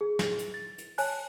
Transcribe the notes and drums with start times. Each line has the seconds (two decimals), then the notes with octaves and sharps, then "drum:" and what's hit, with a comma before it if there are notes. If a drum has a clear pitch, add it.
0.01 G#4
0.19 drum: snare
0.39 drum: hi-hat
0.54 A6
0.78 drum: hi-hat
0.98 C#5 G#5 A5 F#6, drum: open hi-hat